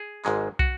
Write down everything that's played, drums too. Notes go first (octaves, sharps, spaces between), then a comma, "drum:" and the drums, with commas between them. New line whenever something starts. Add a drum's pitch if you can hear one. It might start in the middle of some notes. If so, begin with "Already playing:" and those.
Already playing: G#4
G#1 G#2 G#3, drum: clap
F#4, drum: kick